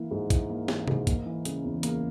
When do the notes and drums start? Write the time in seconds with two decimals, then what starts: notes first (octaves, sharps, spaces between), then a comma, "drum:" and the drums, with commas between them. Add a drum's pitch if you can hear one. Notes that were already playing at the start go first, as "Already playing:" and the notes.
Already playing: E3 A#3 E4
0.11 G#2
0.30 E4, drum: kick, hi-hat
0.50 A#3
0.68 E3, drum: snare
0.88 G#2, drum: tom C3
1.07 A#3, drum: kick, hi-hat
1.26 E3
1.45 C#3, drum: hi-hat
1.64 E2
1.83 A#3, drum: hi-hat